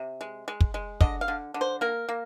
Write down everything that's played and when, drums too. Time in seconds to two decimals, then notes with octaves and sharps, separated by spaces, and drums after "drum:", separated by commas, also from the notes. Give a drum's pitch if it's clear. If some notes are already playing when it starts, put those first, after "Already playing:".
Already playing: C3
0.21 G#3
0.48 G#3
0.61 drum: kick
0.74 G#3
1.01 D3 D#5, drum: kick
1.21 F5
1.28 D3
1.54 D3
1.61 C5
1.81 A#3 A#4
2.09 A#3